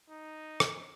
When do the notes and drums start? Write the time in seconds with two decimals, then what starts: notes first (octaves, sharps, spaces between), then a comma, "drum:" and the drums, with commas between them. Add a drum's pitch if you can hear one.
0.10 D#4
0.60 drum: rim click